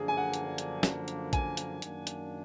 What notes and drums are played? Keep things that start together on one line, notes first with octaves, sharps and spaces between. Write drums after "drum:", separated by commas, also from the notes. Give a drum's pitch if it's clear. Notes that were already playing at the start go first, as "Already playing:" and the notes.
Already playing: F#2 D3 F3 A#3 D4 G#4
G#5
F#5
drum: hi-hat
drum: hi-hat
drum: snare
drum: hi-hat
G#5, drum: kick, hi-hat
drum: hi-hat
F#2 D#3 A#3 D4, drum: hi-hat
drum: hi-hat